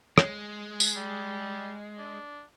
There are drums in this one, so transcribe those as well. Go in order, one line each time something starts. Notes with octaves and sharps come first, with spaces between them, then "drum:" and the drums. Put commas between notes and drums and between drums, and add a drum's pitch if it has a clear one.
G#3, drum: rim click
drum: tambourine
G3
D4